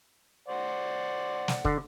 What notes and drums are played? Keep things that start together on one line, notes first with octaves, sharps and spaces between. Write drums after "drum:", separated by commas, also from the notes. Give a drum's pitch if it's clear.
C5 D5 F#5
drum: snare
D3, drum: kick